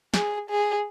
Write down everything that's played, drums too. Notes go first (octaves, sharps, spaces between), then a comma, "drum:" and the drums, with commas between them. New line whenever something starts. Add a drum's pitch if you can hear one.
G#4, drum: snare
G#4